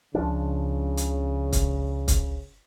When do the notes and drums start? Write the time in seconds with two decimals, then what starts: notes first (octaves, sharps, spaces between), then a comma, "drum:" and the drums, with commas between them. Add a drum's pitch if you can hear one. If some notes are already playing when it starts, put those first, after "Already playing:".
0.15 C#2 C#3 F3 D4
0.97 drum: hi-hat
1.53 drum: kick C#1, hi-hat
2.08 drum: kick C#1, hi-hat